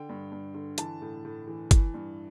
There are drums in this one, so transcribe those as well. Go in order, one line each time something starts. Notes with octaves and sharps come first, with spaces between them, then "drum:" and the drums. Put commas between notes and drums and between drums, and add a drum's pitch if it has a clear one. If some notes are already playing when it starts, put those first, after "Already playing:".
Already playing: D3 G5
G2
G2
D3
E3 A5, drum: hi-hat
A2
A2
E3
E3, drum: kick, hi-hat
G2